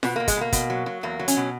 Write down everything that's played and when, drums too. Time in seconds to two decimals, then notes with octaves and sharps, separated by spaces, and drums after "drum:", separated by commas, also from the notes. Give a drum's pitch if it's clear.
0.03 B2 B3, drum: snare F4
0.16 B2 A#3
0.28 G#3, drum: kick, hi-hat
0.36 B2 A#3
0.53 B2, drum: kick, hi-hat
0.70 F#3
0.86 F#3
1.03 E2 A#3
1.19 F#3
1.28 C#4, drum: hi-hat
1.37 B2